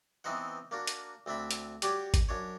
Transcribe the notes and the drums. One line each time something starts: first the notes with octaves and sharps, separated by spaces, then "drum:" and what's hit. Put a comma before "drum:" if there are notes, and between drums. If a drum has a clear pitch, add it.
E3 B3 C4 D#4 C5 F#5
A#3 D4 F#4
drum: hi-hat
D2 C4 D4 E5 B5
drum: hi-hat
G3 F#4 G4 C#5 D5, drum: hi-hat
drum: kick G#1, hi-hat
F#2 D4 C#5